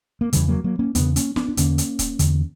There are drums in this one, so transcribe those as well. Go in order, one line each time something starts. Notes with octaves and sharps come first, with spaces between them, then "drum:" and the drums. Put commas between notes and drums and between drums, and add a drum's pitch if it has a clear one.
A#3
E2 C#3 E3 G3, drum: hi-hat
F#3 A#3
F#3 A#3
A#3 C#4
E2 C#3 B3 D4, drum: hi-hat
A#3 C#4, drum: hi-hat
B3 D4, drum: snare
D4
E2 D3 A#3 C#4, drum: hi-hat
drum: hi-hat
drum: kick C#1, hi-hat
E2 D3, drum: hi-hat